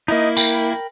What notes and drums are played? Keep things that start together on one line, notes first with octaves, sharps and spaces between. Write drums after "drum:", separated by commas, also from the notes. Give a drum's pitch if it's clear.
A#3 D#4 E4 D#5
A#4 G5 B5, drum: tambourine